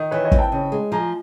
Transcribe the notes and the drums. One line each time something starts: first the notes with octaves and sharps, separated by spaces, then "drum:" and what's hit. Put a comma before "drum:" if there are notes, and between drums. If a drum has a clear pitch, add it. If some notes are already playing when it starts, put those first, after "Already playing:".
Already playing: D#3
E3 B4 C#5
C#5 D#5
C4, drum: kick
G5 A5
C#3
G#3
F3 G#5 A#5